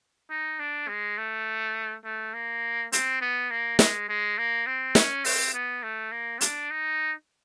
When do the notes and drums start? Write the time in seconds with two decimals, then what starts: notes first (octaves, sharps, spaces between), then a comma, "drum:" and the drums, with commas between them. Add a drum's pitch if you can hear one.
0.30 D#4
0.59 D4
0.88 G#3
1.17 A3
2.04 A3
2.34 A#3
2.92 C4, drum: hi-hat
3.21 B3
3.50 A#3
3.79 G#3, drum: snare
4.09 G#3
4.38 A#3
4.66 C4
4.95 C#4, drum: snare
5.25 C4, drum: open hi-hat
5.54 B3
5.83 A3
6.11 A#3
6.41 D4, drum: hi-hat
6.70 D#4